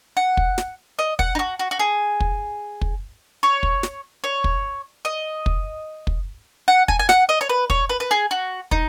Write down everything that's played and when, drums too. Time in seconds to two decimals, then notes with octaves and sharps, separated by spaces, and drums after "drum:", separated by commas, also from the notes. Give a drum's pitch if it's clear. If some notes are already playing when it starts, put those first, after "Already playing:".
0.17 F#5
0.37 drum: kick
0.58 drum: snare
0.99 D#5
1.19 F#5, drum: kick
1.35 D#4
1.39 F#4
1.59 F#4
1.71 F#4
1.79 G#4
2.20 drum: kick
2.81 drum: kick
3.43 C#5
3.63 drum: kick
3.83 drum: snare
4.24 C#5
4.44 drum: kick
5.05 D#5
5.46 drum: kick
6.07 drum: kick
6.68 F#5
6.88 G#5, drum: kick
6.99 G#5
7.09 F#5, drum: snare
7.29 D#5
7.41 C#5
7.49 B4
7.70 C#5, drum: kick
7.89 B4
8.00 B4
8.11 G#4
8.31 F#4
8.71 D#4, drum: kick